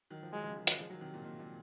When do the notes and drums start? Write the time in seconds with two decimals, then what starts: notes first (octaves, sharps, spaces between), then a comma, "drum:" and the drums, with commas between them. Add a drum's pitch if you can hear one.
0.10 D#3 F#3
0.23 F3
0.33 D#3 F#3 G#3
0.44 C#3 F3
0.56 D#3 F#3
0.67 D#3 F#3, drum: hi-hat
0.79 F3 G#3
0.90 D#3 F#3
1.01 C3 D#3
1.14 A#2
1.24 A#2
1.39 A#2